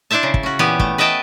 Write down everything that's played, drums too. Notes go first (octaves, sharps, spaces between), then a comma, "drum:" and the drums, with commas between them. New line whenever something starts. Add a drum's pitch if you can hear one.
D4 E4 C5 E5 A5
C#3
drum: kick
C#4 F#4
A#2 E3 B3 G4 G#5
A3, drum: kick
B4 D#5 E5 G5 A5